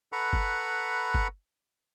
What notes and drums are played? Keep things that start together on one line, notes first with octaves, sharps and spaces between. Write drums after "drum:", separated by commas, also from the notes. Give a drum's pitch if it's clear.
A4 B4 F#5 A#5 B5 C#6
drum: kick G1
drum: kick G1